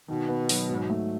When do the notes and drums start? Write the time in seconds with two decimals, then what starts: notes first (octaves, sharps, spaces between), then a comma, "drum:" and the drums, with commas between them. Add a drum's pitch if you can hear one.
0.08 B2 D#3
0.29 B3
0.49 F#3, drum: open hi-hat
0.69 G#2
0.90 A3